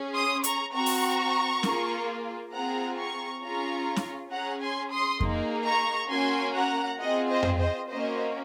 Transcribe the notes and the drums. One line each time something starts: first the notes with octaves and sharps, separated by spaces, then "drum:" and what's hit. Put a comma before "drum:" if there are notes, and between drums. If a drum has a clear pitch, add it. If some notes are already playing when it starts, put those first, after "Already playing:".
Already playing: C#4 G#4
C6 D#6
A#5 C#6, drum: hi-hat
C4 F#4 A#5 C#6
drum: open hi-hat
A#3 F4 G#4, drum: snare C#4
C4 F4 G#4 F#5 A#5
A#5 C#6
C#4 F4 G#4 A#5 C#6
drum: snare C#4
C#4 G#4 F#5 A#5
G#5 C6
C6 D#6
A#3 D#4 G#4, drum: kick F2
A#5 C#6
A#3 C#4 F#4 G#5 C6
F#5 A#5
C4 F4 G#4 D#5 F#5
C5 D#5
drum: tom F2
C5 D#5
A#3 C#4 F#4 C5 D#5